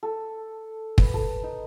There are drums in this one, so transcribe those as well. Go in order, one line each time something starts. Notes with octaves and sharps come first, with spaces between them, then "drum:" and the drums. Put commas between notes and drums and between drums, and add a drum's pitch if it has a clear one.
A4
B4, drum: kick
A4
D#4